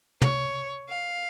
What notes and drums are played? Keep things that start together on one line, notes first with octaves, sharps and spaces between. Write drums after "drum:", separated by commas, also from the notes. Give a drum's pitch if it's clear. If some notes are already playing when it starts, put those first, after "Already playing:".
C#5, drum: tom
F5